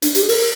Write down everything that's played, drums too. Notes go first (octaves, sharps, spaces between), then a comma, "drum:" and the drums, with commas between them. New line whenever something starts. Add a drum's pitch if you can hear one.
D4, drum: hi-hat
G4, drum: hi-hat
G#4
A#4, drum: open hi-hat